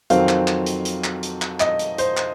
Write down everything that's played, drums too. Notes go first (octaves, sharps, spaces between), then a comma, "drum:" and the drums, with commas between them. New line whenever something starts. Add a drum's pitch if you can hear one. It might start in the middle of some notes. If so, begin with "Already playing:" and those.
F2 D#3 F#3 C4 F5, drum: hi-hat
drum: clap
drum: clap
drum: hi-hat
drum: hi-hat
drum: clap
drum: hi-hat
drum: clap
D#5, drum: clap
drum: hi-hat
C5, drum: hi-hat
drum: clap